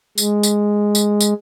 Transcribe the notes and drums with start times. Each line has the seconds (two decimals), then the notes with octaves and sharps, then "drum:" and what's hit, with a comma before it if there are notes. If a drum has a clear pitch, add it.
0.18 G#3, drum: tambourine
0.43 drum: tambourine
0.95 drum: tambourine
1.21 drum: tambourine